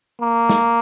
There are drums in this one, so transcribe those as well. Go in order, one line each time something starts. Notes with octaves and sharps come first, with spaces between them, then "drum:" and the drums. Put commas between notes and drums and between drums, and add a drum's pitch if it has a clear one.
A#3
drum: snare